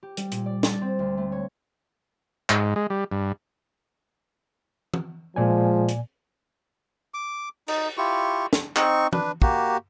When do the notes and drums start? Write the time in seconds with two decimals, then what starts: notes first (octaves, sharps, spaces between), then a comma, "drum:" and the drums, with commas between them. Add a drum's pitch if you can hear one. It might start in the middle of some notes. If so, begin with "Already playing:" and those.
0.03 G4
0.17 G3, drum: hi-hat
0.31 A#2, drum: hi-hat
0.46 D5
0.63 A6, drum: snare
0.81 C4
0.99 D2
1.18 A3
1.32 C#5
2.50 G#2, drum: clap
2.76 G#3
2.90 G3
3.12 G2
4.94 drum: tom
5.36 A#2 F3 G#3 D5 G#5
5.88 drum: hi-hat
7.14 D6
7.68 D#4, drum: cymbal
7.98 E4 F4 G4 C#6
8.53 drum: snare
8.76 C4 D#4 C#6, drum: clap
9.13 D4 B4, drum: tom
9.42 A#3 F#4 G4, drum: kick